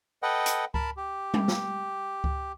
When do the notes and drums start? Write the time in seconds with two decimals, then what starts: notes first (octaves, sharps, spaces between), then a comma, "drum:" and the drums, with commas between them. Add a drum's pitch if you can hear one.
0.23 A4 B4 D#5 F#5 G5
0.46 drum: hi-hat
0.74 A#4 A5 B5, drum: kick C#2
0.97 G4
1.34 drum: tom G3
1.48 drum: snare
2.24 drum: kick C#2